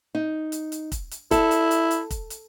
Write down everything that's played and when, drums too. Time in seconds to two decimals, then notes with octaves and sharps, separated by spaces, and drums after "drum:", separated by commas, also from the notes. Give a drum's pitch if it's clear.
0.15 D#4
0.52 drum: hi-hat
0.72 drum: hi-hat
0.92 drum: kick, hi-hat
1.11 drum: hi-hat
1.31 E4 A4, drum: kick, hi-hat
1.51 drum: hi-hat
1.71 drum: hi-hat
1.91 drum: hi-hat
2.11 drum: kick, hi-hat
2.30 drum: hi-hat